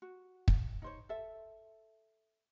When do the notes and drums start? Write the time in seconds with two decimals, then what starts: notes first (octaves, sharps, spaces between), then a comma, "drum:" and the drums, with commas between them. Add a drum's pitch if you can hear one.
0.02 F#4
0.48 drum: kick
0.82 D#4 C5 C#5
1.09 A4 E5